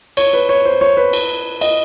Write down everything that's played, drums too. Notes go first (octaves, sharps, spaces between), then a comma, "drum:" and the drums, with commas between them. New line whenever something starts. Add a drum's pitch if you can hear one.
C#5, drum: cymbal
B4
C#5
C5
C#5
B4
drum: cymbal
D#5, drum: cymbal